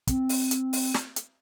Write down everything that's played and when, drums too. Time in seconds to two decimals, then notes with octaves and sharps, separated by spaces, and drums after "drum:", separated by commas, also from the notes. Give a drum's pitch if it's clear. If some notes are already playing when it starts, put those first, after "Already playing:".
0.08 C4, drum: kick, hi-hat
0.29 drum: open hi-hat
0.51 drum: hi-hat
0.73 drum: open hi-hat
0.94 drum: snare
1.16 drum: hi-hat